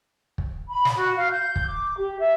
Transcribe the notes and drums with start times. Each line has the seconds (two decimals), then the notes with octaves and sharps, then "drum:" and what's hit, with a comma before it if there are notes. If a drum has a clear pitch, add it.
0.38 drum: kick
0.69 B5
0.85 drum: snare
0.96 F#4
1.17 F5
1.32 G6
1.56 drum: kick
1.66 D6
1.97 G4
2.18 E5